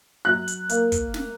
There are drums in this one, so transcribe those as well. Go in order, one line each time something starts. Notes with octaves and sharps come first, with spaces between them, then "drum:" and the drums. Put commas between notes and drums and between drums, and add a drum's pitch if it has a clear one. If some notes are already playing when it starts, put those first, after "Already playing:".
F#3 F#6
drum: hi-hat
A#3, drum: hi-hat
drum: kick, hi-hat
drum: snare